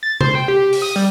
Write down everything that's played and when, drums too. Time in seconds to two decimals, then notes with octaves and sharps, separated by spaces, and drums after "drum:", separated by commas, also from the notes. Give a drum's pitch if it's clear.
0.03 A6
0.21 C5, drum: tom C3
0.35 G5
0.48 G4
0.73 drum: open hi-hat
0.82 D#6
0.96 G3